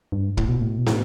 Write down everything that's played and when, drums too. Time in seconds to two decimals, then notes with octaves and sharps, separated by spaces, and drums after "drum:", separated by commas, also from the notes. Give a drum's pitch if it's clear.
0.12 G2
0.37 A2, drum: kick
0.49 B2
0.61 A2
0.78 B2
0.87 A2, drum: snare